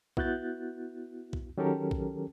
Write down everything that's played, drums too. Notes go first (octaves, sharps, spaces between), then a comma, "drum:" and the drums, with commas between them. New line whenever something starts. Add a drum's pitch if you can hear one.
B3 E4 F#4 F#6 G6 A6, drum: kick B1
drum: kick B1
D#3 F#3 C#4 G4 A4 A#4
drum: kick B1